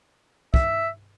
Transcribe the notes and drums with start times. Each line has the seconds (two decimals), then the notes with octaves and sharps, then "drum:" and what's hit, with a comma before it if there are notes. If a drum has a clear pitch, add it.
0.54 E5, drum: kick